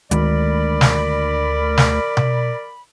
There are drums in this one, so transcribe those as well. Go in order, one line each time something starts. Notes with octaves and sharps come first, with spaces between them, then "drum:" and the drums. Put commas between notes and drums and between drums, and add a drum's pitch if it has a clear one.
D2 D#3 G#3 A#4 D5 B5, drum: hi-hat
drum: snare
drum: snare
drum: tom B2